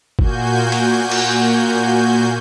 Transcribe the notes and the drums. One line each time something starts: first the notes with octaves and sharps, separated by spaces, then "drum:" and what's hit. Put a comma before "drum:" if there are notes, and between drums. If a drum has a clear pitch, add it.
A#2 A#3 F#4 G#5 G6, drum: kick G1
drum: cymbal
drum: cymbal